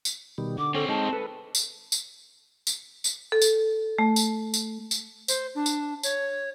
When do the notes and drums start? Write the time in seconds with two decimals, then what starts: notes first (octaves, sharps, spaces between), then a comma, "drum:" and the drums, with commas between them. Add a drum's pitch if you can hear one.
0.05 drum: tambourine
0.38 B2 D#3 G3
0.58 D3 D6
0.75 C4 A4 C#5
0.89 G#3 D#4 A5
1.13 A4 B4
1.55 drum: tambourine
1.92 drum: tambourine
2.67 drum: tambourine
3.04 drum: tambourine
3.32 A4
3.42 drum: tambourine
3.98 A3
4.16 drum: tambourine
4.54 drum: tambourine
4.91 drum: tambourine
5.28 C5, drum: tambourine
5.55 D4
5.66 drum: tambourine
6.03 C#5, drum: tambourine